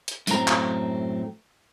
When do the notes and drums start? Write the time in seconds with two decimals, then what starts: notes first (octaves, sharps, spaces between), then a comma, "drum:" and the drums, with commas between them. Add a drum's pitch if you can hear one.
0.08 drum: hi-hat
0.27 F#2 A2 F#3 A3 C4 A#5, drum: tambourine
0.47 drum: clap